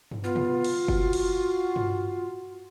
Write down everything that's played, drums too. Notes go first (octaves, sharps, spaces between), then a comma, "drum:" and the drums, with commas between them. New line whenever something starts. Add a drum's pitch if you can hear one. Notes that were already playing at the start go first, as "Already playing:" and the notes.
drum: tom G2
B3 F4
drum: tom B2
drum: cymbal
F#4, drum: kick F#1
drum: cymbal
drum: tom G2